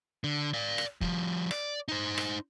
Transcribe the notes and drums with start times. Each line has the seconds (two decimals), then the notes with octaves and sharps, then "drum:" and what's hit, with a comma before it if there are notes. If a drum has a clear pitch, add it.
0.24 D3
0.54 D5 F5
0.78 drum: rim click
1.01 F3 G3, drum: kick
1.51 D5, drum: rim click
1.88 D#4 C5
2.18 drum: rim click